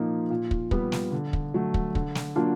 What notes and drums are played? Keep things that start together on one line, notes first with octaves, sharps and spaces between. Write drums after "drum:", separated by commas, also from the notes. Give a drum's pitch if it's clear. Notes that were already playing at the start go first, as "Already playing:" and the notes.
Already playing: A#2 F3 A#3 D#4
A#2
drum: kick
G3 B3, drum: kick
drum: snare
D3
drum: kick
F#3 A3
drum: kick
D3, drum: kick
drum: snare
F#3 A#3 D4 F4